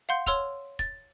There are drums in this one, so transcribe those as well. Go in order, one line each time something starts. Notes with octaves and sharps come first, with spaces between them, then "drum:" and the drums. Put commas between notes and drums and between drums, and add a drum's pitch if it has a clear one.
F5 F#5 C6 G6
C#5 C6 E6 F6 F7, drum: kick, hi-hat
A6, drum: kick, hi-hat